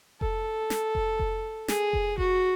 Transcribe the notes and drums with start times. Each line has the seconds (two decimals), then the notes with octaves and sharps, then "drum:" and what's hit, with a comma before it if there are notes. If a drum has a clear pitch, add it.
0.21 A4, drum: kick F1
0.70 drum: snare
0.95 drum: kick F1
1.19 drum: kick F1
1.68 G#4, drum: snare
1.93 drum: kick F1
2.18 F#4, drum: kick F1